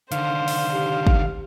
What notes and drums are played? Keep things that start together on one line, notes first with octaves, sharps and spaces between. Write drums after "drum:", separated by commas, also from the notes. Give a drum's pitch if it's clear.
D3 D#3 C5 F5, drum: hi-hat
drum: open hi-hat
G4
drum: kick